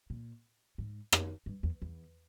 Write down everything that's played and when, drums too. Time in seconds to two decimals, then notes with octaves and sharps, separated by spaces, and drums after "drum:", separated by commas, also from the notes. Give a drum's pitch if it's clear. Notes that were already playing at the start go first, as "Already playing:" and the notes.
0.10 A#2
0.78 G#2
1.12 drum: rim click
1.46 G2
1.63 E2
1.82 E2